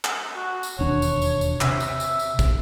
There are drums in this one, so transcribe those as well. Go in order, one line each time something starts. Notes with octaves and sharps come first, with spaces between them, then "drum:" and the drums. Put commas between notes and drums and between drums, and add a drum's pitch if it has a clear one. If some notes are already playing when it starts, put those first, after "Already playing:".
drum: clap
F#4
drum: tambourine
E1 D#2 D4 C#5
drum: tambourine
drum: tambourine
drum: tambourine
C3 E5, drum: clap
drum: tambourine
drum: tambourine
drum: tambourine
drum: kick, tambourine